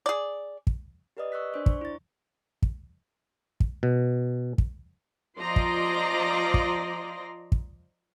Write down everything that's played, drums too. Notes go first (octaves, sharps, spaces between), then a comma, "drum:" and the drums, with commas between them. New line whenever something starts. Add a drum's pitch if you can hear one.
G#4 D5
drum: kick
G4 A#4 B4 D5 D#5 D#6
C#6 E6 F#6 B6
D4 C5 D5
C#6, drum: kick
E4 A6
drum: kick
drum: kick
B2
drum: kick
F3 F4 D5 D#5 A#5 C6
drum: kick
drum: kick
drum: kick